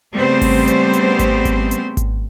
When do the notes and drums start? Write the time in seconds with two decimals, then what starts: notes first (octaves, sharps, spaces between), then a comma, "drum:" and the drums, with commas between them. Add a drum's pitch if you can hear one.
0.16 C#3 G3 A3 B3 C4 C5
0.42 drum: kick G#1, open hi-hat
0.67 drum: hi-hat
0.93 drum: hi-hat
1.19 drum: kick G#1, hi-hat
1.45 drum: kick G#1, hi-hat
1.71 drum: hi-hat
1.97 drum: kick G#1, hi-hat